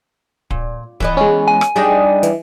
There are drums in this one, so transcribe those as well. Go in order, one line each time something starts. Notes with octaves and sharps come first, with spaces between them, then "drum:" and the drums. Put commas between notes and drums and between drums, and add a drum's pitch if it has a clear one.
A#2, drum: kick D1
E3 B3 D#5, drum: kick D1
G#3 C#4
G#5
drum: rim click
G3 D4 D#4 G#4 D#5
E3, drum: hi-hat